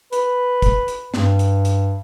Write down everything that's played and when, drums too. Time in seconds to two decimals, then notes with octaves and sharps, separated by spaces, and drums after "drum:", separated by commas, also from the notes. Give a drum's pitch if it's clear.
0.13 B4, drum: hi-hat
0.62 drum: kick, hi-hat
0.88 drum: hi-hat
1.14 G2, drum: snare
1.39 drum: hi-hat
1.65 drum: hi-hat